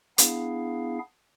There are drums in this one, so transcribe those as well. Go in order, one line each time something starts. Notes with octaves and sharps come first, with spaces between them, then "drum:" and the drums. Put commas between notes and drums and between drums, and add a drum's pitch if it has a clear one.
B3 D4 E4 G#4 F5, drum: hi-hat